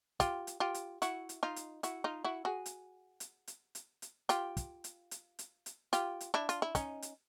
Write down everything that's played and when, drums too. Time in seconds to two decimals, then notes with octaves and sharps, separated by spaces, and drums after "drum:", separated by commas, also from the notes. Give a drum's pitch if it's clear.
0.20 F4 G4, drum: kick, hi-hat
0.47 drum: hi-hat
0.60 F4 G4
0.74 drum: hi-hat
1.02 E4 F#4, drum: hi-hat
1.29 drum: hi-hat
1.43 D#4 F4
1.56 drum: hi-hat
1.83 E4 F#4, drum: hi-hat
2.04 D#4 F4
2.24 E4 F#4
2.45 F#4 G#4
2.66 drum: hi-hat
3.20 drum: hi-hat
3.47 drum: hi-hat
3.75 drum: hi-hat
4.02 drum: hi-hat
4.29 F4 G4, drum: hi-hat
4.57 drum: kick, hi-hat
4.84 drum: hi-hat
5.11 drum: hi-hat
5.39 drum: hi-hat
5.66 drum: hi-hat
5.93 F4 G4, drum: hi-hat
6.21 drum: hi-hat
6.34 D4 E4
6.49 F4, drum: hi-hat
6.62 E4
6.75 C#4 D#4, drum: kick, hi-hat
7.02 drum: hi-hat